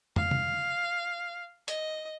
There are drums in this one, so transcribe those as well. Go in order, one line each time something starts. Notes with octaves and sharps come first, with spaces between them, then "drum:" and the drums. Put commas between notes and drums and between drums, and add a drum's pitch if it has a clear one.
F5, drum: tom
drum: tom
D#5, drum: hi-hat